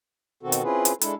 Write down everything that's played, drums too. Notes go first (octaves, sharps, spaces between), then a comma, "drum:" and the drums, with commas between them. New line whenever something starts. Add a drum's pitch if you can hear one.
B2 D#3 C4 F#4 A4
drum: hi-hat
C4 C#4 E4 F4 G#4 B4
drum: hi-hat
G#3 D4 E4 A4, drum: hi-hat